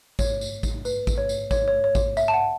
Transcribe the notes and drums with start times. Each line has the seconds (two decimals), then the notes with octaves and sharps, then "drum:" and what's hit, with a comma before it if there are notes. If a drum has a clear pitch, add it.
0.19 C#5, drum: kick A1, tambourine
0.41 drum: tambourine
0.63 drum: kick A1, tambourine
0.85 B4, drum: tambourine
1.07 drum: kick A1, tambourine
1.18 C#5
1.29 drum: tambourine
1.51 C#5, drum: kick A1, tambourine
1.68 C#5
1.84 C#5
1.95 drum: kick A1, tambourine
2.17 E5, drum: tambourine
2.28 A5
2.34 F#5